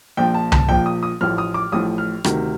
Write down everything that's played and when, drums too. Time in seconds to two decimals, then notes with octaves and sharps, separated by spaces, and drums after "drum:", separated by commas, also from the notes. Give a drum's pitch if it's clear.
0.17 A#1 A#2 F3 G5
0.34 A5
0.52 A5, drum: tom C2
0.68 A#1 A#2 F3 G5
0.86 D#6
1.03 D#6
1.21 A1 A2 F3 F6
1.38 D#6
1.54 D6
1.72 A1 A2 F3 D#6
1.98 F6
2.24 D2 C3 D#3, drum: rim click